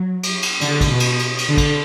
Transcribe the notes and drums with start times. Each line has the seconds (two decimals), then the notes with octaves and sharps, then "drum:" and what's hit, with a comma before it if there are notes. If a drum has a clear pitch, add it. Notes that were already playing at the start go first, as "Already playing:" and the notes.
Already playing: F#3
0.23 drum: cymbal
0.42 drum: cymbal
0.61 D3, drum: cymbal
0.81 drum: kick, cymbal
0.90 B2
1.00 drum: cymbal
1.19 drum: cymbal
1.38 drum: cymbal
1.48 D3
1.57 drum: kick, cymbal